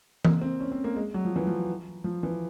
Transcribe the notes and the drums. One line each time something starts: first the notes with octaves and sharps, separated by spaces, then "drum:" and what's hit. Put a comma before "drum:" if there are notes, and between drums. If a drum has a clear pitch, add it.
A#3, drum: tom E3
C4
C#4
C4
A#3
G#3
F#3
F3
E3
F3
F3
E3